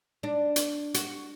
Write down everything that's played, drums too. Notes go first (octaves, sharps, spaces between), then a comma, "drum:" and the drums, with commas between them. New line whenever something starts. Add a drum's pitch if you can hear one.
D4
drum: hi-hat
F#4, drum: hi-hat